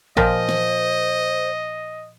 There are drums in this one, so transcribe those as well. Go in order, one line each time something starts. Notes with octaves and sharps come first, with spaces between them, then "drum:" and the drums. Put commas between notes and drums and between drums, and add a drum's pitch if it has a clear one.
A#2 F3 C5 D#5 G5, drum: kick
drum: snare